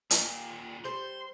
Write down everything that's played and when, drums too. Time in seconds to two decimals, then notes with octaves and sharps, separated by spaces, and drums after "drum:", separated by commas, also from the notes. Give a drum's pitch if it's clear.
0.11 D#2 A#2, drum: hi-hat
0.85 G3 C5 C6